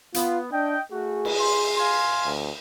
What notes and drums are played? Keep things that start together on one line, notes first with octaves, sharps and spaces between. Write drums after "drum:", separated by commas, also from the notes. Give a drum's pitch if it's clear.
B3 F4, drum: hi-hat
D4 D#5 G5
A3 F#4 G#4
drum: cymbal
C6
F5 G#5 C6
D2